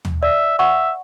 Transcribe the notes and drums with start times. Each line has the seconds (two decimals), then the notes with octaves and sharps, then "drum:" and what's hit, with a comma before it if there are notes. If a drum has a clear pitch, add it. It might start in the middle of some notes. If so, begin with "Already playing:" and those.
0.05 drum: tom
0.23 D5 E5
0.59 E5 F#5 C#6